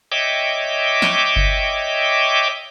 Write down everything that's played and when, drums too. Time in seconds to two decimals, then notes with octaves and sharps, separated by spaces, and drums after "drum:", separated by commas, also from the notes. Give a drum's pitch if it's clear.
0.12 C#5 D#5 E5 G5 D6
1.02 drum: snare
1.36 drum: kick G1